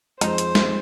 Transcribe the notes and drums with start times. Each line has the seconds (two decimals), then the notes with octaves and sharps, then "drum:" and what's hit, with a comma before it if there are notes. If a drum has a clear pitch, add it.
0.21 F2 G#3 C4 D#4 C5, drum: hi-hat
0.38 drum: hi-hat
0.55 drum: snare